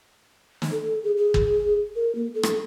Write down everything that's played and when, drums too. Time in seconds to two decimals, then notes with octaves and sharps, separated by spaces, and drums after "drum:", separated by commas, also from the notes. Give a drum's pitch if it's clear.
0.62 drum: snare
0.72 A4
1.04 G#4
1.17 G#4
1.34 drum: kick G1
1.95 A#4
2.15 A#3
2.34 A4
2.43 drum: rim click